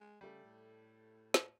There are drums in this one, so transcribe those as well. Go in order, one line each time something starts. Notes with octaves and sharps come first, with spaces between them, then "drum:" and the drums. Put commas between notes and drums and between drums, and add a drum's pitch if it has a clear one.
G#3
C#3 G3 A3
A2
drum: snare